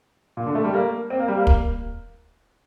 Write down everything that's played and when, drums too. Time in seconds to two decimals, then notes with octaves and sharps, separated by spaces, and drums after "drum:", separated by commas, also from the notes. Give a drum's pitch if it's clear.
0.37 A#2
0.46 D3
0.55 A3
0.64 G3
0.74 A#3
1.10 C4
1.19 A#3
1.28 G3
1.37 A#3
1.47 drum: kick